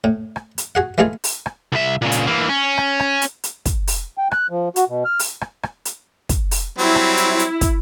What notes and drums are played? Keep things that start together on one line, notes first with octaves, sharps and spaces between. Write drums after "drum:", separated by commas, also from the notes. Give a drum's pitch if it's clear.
A2
drum: rim click
drum: hi-hat
F#4 G#4 F#5
E3 G#3 A3 F4 G#4
drum: open hi-hat
drum: rim click
C2 E5
A#2 C#3
drum: hi-hat
E3 A#3
C#4
drum: rim click
drum: rim click
drum: hi-hat
drum: hi-hat
drum: kick, hi-hat
drum: open hi-hat
G5
F#6, drum: rim click
F3
F#4, drum: hi-hat
B2
F6
drum: open hi-hat
drum: rim click
drum: rim click
drum: hi-hat
drum: kick, hi-hat
drum: open hi-hat
F#3 G3 C4 E4
drum: rim click
drum: hi-hat
drum: hi-hat
drum: kick, hi-hat